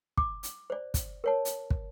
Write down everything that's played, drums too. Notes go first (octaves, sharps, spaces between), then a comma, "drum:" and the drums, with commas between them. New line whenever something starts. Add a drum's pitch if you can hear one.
D6, drum: kick
drum: hi-hat
C5 D5
drum: kick, hi-hat
A#4 C#5 A5
drum: hi-hat
drum: kick